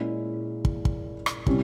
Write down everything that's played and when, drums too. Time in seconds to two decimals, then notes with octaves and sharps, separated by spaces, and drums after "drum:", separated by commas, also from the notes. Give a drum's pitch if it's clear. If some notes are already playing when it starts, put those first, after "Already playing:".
Already playing: A#2 G#3 C#4 E4
0.65 drum: kick
0.85 drum: kick
1.26 drum: rim click
1.47 C3 G3 C#4 E4, drum: kick